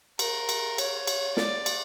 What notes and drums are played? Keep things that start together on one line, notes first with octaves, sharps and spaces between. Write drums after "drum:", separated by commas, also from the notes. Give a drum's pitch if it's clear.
A#4, drum: cymbal
drum: cymbal
C#5, drum: cymbal
drum: cymbal
D5, drum: snare
drum: cymbal